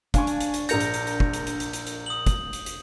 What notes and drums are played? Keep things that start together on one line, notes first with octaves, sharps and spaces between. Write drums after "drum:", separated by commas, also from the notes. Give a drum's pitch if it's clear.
D4 F5 G#5 C#6, drum: kick, hi-hat
drum: hi-hat
drum: hi-hat
drum: hi-hat
A#1 A#4 G6 A#6 C#7 F7, drum: hi-hat
drum: hi-hat
drum: hi-hat
drum: hi-hat
drum: kick
drum: hi-hat
drum: hi-hat
drum: hi-hat
drum: hi-hat
drum: hi-hat
D#6 F#7
drum: kick, hi-hat
drum: hi-hat
drum: hi-hat